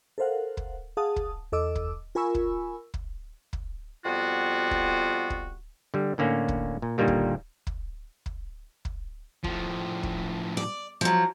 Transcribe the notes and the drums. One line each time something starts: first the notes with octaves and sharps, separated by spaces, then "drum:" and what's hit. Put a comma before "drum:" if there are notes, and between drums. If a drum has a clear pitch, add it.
A4 A#4 C5 F5 F#5
drum: kick
G#4 F5 F#5 A5 D#6
drum: kick
E2 A4 D#5 D6 E6
drum: kick
F4 A#4 G#5 B5 C#6 E6
drum: kick
drum: kick
drum: kick
F2 G3 B3 F4 F#4
drum: kick
drum: kick
D3 G3
A2 D3 A#3 C#4
drum: kick
A#2
A#2 D3 D#3 G3 A#3
drum: kick
drum: kick
drum: kick
drum: kick
A2 F3, drum: kick
drum: kick
D5
F3 F#3